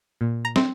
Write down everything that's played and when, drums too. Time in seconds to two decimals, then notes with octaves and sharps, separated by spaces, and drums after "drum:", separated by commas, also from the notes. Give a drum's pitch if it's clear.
0.21 A#2
0.45 A#5
0.56 C4, drum: snare